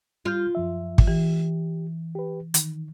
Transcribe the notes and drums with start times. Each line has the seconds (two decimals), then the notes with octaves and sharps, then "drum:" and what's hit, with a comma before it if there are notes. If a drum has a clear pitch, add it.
0.25 G3 F4 F6 G6
0.55 F#2 F3 E5
0.98 drum: kick G#1
1.07 E3 G4
2.15 G4 B4
2.54 D#3, drum: hi-hat